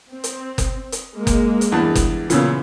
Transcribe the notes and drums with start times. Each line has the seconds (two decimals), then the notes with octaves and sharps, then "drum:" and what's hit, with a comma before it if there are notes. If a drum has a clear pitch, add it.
0.12 C4
0.24 drum: hi-hat
0.58 drum: kick F#1, hi-hat
0.92 drum: hi-hat
1.16 G#3 A#3
1.27 drum: kick F#1, hi-hat
1.61 drum: hi-hat
1.72 E2 G2 A5
1.95 drum: kick F#1, hi-hat
2.30 A#2 C#3 E3 B3 E6, drum: hi-hat